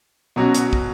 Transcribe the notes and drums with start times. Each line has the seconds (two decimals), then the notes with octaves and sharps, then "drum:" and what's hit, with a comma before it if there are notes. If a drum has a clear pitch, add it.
0.36 B2 F#3 C#4 F#4
0.54 drum: hi-hat
0.73 drum: kick